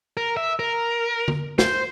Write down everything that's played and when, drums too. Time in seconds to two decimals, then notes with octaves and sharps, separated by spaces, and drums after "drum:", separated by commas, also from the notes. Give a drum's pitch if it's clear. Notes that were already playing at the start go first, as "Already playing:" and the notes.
0.17 A#4
0.37 E5
0.59 A#4
1.28 drum: tom D3
1.58 C5, drum: snare